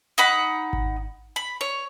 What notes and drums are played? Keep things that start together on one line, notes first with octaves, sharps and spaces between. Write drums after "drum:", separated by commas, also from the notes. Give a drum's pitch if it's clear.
D#4 F#5 B5
drum: kick G#1
B5
C#5